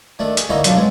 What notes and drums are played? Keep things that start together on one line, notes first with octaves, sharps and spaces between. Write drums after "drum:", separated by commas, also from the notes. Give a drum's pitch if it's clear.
D#3 A3 D4
G#4, drum: hi-hat
D3 E3 A#3 D#4 C#5
B1 F#2 D4 F4 A4, drum: hi-hat
G#3 B3 C4